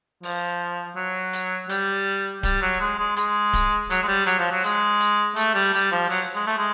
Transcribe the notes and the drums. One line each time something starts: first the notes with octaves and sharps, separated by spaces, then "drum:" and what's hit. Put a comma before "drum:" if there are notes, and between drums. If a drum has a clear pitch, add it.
F3, drum: open hi-hat
F#3
drum: hi-hat
G3, drum: hi-hat
G3, drum: kick D1, hi-hat
F#3
G#3
G#3
G#3, drum: hi-hat
drum: kick D1, hi-hat
F#3, drum: hi-hat
G#3
G3
F#3, drum: hi-hat
F3
F#3
G#3, drum: hi-hat
drum: hi-hat
A3, drum: hi-hat
G3
G3, drum: hi-hat
F3
F#3, drum: open hi-hat
G#3
A3
G#3